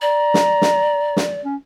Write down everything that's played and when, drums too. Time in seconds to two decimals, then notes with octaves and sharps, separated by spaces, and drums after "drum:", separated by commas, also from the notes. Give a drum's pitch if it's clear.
0.02 D5 A#5
0.34 drum: snare
0.62 drum: snare
1.17 drum: snare
1.44 C#4